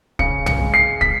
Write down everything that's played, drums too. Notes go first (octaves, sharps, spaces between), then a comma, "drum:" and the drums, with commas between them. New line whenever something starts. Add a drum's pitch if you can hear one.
C#3 C#7, drum: kick
C#7, drum: tom B1
G#3
C7
B6, drum: kick